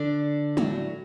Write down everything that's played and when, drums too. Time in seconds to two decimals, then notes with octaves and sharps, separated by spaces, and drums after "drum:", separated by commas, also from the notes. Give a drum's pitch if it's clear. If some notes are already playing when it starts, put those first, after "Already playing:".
Already playing: D3 D4
0.57 A2 F#3 A3, drum: tom